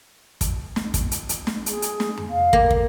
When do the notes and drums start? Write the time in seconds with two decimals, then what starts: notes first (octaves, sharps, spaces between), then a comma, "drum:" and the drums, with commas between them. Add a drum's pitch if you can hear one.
0.41 drum: kick, hi-hat
0.76 drum: snare
0.94 drum: kick, hi-hat
1.11 drum: hi-hat
1.29 drum: hi-hat
1.47 drum: snare
1.66 G#4, drum: hi-hat
1.82 drum: hi-hat
2.00 drum: snare
2.18 drum: tom F2
2.29 F5
2.53 A#3, drum: kick
2.71 drum: kick